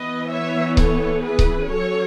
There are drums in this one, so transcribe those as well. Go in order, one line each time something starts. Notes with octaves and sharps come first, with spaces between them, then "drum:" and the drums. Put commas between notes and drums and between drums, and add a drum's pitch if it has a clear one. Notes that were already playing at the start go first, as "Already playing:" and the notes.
Already playing: E3 B3 B4 D#5
C#5 E5
A4 C#5, drum: kick C#1
G#4 B4
drum: kick C#1
F#3 C#4 A4 C#5